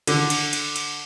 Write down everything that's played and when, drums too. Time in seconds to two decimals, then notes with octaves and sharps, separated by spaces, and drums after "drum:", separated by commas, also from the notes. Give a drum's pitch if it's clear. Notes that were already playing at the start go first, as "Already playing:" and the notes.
0.07 D3, drum: cymbal
0.30 drum: cymbal
0.53 drum: cymbal
0.76 drum: cymbal